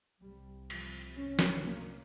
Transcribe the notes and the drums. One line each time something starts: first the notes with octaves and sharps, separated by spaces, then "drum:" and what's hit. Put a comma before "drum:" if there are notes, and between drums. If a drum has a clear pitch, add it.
C2 C3 G3
F3, drum: cymbal
C#4
drum: snare
A#3